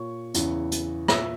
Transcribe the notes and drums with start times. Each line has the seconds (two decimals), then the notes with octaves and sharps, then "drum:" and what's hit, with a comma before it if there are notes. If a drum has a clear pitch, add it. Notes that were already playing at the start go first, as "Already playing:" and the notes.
Already playing: A#2 C#5 C#6
0.34 E2 C#3 E3, drum: hi-hat
0.72 drum: hi-hat
1.08 A#2 E5 E6, drum: rim click